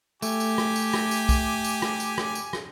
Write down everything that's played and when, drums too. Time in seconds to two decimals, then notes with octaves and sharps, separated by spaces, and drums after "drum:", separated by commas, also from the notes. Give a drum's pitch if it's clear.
0.22 A3 G4 G#5 D6, drum: tambourine
0.40 drum: tambourine
0.58 drum: rim click
0.76 drum: tambourine
0.93 drum: rim click
1.11 drum: tambourine
1.29 drum: kick, tambourine
1.64 drum: tambourine
1.82 drum: rim click
2.00 drum: tambourine
2.18 drum: rim click
2.35 drum: tambourine
2.53 drum: rim click